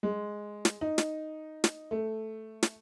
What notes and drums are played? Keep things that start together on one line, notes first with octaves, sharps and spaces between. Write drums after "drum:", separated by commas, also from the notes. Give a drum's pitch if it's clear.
G#3
drum: snare
D#4
drum: snare
drum: snare
A3
drum: snare